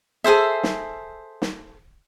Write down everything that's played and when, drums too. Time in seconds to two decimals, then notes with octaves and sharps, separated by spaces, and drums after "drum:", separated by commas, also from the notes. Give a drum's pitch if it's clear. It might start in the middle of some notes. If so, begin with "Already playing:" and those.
0.24 G#4 A4 C5 E5
0.63 drum: snare
1.42 drum: snare